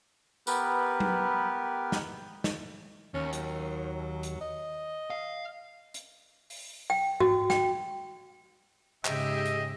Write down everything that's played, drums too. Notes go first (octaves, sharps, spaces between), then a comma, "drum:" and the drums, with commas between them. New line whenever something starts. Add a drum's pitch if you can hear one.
B3 G4 A#4 B4, drum: tambourine
drum: tom F#3
drum: snare
drum: snare
D#2 C#4
F#3, drum: hi-hat
drum: hi-hat
D#5
F5
drum: hi-hat
drum: open hi-hat
G5
F#4, drum: tom G#2
G5, drum: snare
G#2 C#3 G4 G#4 D#5 E5, drum: clap
drum: hi-hat